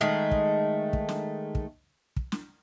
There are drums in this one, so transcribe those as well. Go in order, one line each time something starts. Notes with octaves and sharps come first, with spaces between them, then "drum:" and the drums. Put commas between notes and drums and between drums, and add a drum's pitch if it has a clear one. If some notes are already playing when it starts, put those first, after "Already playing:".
D#3 G#3 A3
drum: kick
drum: kick
drum: snare
drum: kick
drum: kick
drum: snare